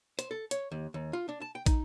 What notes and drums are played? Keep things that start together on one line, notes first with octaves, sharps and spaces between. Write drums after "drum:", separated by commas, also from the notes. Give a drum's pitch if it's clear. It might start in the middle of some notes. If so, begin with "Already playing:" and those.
C5, drum: hi-hat
A4
C#5, drum: hi-hat
D#2
D#2
F4
D4
A5
G5
D#4, drum: kick, hi-hat